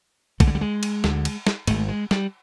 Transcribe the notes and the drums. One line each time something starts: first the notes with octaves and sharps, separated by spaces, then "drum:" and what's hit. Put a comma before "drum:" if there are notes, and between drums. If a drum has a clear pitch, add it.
D2 D3 A3, drum: kick, cymbal
G#3
G3
G#3
drum: cymbal
D2 D3, drum: snare
drum: cymbal
drum: snare
G#1 G#2 A3, drum: cymbal
G#3
G3, drum: snare